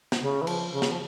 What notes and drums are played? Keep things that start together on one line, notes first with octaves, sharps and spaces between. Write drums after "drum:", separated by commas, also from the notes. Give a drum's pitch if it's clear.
drum: snare
C#3
E3
F3, drum: cymbal
C#3
drum: snare
F3